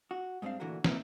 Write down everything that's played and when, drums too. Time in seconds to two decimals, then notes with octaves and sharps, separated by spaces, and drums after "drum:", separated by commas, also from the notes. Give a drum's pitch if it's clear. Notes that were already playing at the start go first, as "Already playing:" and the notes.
0.11 F#4
0.42 G#2 G3 C4 D4 F5
0.60 A#2 D3 E3 A3 F#4 A#4
0.84 A#3 C4 A#4 B4 D5 E5, drum: snare